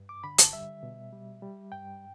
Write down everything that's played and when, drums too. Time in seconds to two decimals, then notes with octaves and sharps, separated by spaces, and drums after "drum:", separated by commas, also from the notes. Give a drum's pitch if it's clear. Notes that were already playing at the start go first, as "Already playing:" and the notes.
Already playing: G2
0.09 D6
0.24 D3 B5
0.38 A5, drum: hi-hat
0.53 G3 E5
0.83 B2
1.13 G3
1.42 G3
1.72 G2 G5